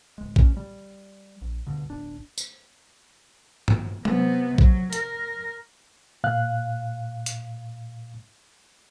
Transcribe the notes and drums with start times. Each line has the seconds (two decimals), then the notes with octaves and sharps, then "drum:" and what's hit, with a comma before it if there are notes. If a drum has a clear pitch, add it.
0.18 D1 G#3
0.36 C#4, drum: kick A#1
0.57 G3
1.41 A#1
1.67 D2 G2 B2 D3
1.90 D1 G1 D4
2.38 drum: tambourine
3.68 drum: tom G2
4.05 C3 B3, drum: tom F#3
4.58 F#3, drum: kick A#1
4.93 A#4, drum: hi-hat
6.24 A#2 F5 F#6
7.26 drum: hi-hat